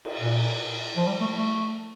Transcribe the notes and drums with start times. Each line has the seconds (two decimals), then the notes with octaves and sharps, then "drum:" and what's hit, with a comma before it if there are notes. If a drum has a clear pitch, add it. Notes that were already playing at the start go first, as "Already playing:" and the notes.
0.05 drum: cymbal
0.21 A#2
0.97 F3
1.08 G3
1.21 A3
1.36 A3